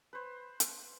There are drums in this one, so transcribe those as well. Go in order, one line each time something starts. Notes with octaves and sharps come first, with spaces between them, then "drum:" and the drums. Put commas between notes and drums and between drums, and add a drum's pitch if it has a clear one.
B4 C5
drum: hi-hat